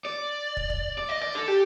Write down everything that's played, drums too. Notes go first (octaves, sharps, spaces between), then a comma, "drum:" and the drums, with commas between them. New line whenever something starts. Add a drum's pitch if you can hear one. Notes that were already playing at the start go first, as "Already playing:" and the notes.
D5
drum: kick
drum: kick
D5
D#5
D5
A4
G4